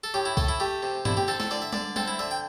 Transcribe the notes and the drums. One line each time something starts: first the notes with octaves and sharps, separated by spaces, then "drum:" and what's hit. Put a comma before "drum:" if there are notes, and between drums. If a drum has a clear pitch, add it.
A4
A2 G4
E4
A3 A4, drum: kick B1
E4
A3 G4
C3
D3 E4, drum: tom G2
G4
C4 A4
A4, drum: snare
D3 D5
E5
D3 D5, drum: tom G3
C4 A4, drum: tom G3
E4
D3 E5
G5